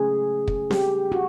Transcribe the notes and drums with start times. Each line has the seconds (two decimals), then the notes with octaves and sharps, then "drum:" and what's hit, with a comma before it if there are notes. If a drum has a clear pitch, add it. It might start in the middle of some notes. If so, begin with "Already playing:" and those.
Already playing: C#3 F#3 A3 C#4 G#4
0.47 drum: kick
0.71 G4, drum: snare C4
1.12 F#4